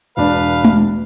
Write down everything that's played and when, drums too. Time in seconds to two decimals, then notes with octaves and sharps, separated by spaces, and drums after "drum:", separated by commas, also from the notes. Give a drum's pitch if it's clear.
0.17 E1 D4 B4 F5
0.65 drum: tom G#3